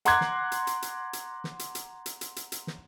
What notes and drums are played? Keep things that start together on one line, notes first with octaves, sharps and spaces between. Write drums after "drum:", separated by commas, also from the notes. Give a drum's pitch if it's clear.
F#5 A#5 C6 D6 F#6 G#6, drum: hi-hat
drum: snare
drum: hi-hat
drum: hi-hat
drum: hi-hat
drum: hi-hat
drum: snare
drum: hi-hat
drum: hi-hat
drum: hi-hat
drum: hi-hat
drum: hi-hat
drum: hi-hat
drum: snare